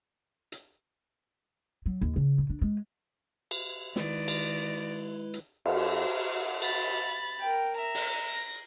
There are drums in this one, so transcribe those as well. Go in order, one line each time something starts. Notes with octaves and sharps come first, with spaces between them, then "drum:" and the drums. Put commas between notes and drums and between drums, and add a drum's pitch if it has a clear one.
drum: hi-hat
F#3
D#2
C#3
A#2
D4
G#3
drum: cymbal
D#3 G#3 E4 B4 D5, drum: snare
drum: cymbal
drum: hi-hat
F2, drum: cymbal
B5 A6, drum: cymbal
A#4 G5
E5 A#5
drum: open hi-hat
A#6